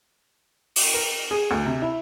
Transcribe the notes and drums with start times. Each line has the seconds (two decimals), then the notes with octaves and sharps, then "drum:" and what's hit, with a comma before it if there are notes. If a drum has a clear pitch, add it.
0.76 drum: open hi-hat
0.94 A#4
1.31 G#4
1.51 D2
1.65 C3
1.82 E4